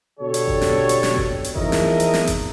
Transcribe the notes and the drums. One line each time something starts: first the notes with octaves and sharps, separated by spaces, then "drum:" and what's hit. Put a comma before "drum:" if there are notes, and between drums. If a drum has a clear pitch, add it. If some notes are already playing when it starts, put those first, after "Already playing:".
B2 D3 G4 A4 C#5
drum: hi-hat
drum: kick G1
drum: snare
drum: hi-hat
drum: snare
drum: kick G1
drum: hi-hat
E2 F3 D#4 A#4 D#5 E5, drum: kick G1
drum: snare
drum: hi-hat
drum: snare
drum: kick G1, hi-hat